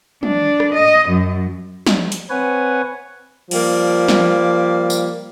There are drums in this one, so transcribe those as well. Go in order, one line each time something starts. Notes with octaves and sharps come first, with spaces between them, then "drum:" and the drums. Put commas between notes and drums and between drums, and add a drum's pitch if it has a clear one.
D4, drum: tom
drum: rim click
D#5
F#2
drum: snare
drum: hi-hat
C4 B4 C#5 F#5 G#5
F3 G3 A#3, drum: cymbal
drum: snare
drum: tambourine